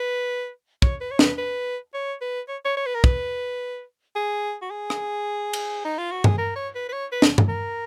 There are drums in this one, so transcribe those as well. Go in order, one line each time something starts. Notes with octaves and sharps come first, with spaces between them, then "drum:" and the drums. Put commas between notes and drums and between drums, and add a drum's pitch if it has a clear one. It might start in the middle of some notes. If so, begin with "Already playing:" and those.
Already playing: B4
C#5, drum: kick
B4
C#5
B4, drum: snare
B4
C#5
B4
C#5
C#5
C#5
B4
A#4
B4, drum: kick
G#4
F#4
G#4
drum: rim click
drum: cymbal
D#4
F4
F#4
G#4, drum: tom G2
A#4
C#5
B4
B4
C#5
B4
drum: snare
drum: tom G2
A#4